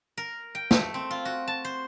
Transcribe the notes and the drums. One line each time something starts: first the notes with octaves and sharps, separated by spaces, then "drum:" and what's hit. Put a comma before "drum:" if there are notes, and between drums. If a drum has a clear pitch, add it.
A#4
G5
A3, drum: snare
C4
F4
F#4
A5
C5